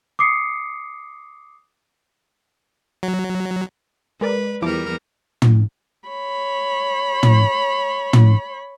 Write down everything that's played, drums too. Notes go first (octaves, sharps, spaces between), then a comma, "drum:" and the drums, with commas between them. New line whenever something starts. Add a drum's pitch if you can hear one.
D6 D#6 C7 C#7
F#3
G#3 A#4 B4 D5
E2 F3 G3 E4 A#4 D6
drum: tom
C#5 B5
drum: tom
drum: tom